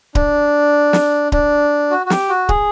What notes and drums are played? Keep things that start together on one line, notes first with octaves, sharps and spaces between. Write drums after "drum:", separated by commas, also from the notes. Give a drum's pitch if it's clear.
D4, drum: kick D1
drum: snare
D4, drum: kick D1
F#4
F#4
G4, drum: snare
F#4
G#4, drum: kick D1